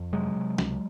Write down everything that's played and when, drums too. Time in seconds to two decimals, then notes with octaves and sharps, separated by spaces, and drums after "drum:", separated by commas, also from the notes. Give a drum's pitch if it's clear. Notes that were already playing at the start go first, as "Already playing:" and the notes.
Already playing: F2
0.13 C3 F#3 G#3
0.36 C3
0.58 C#2, drum: snare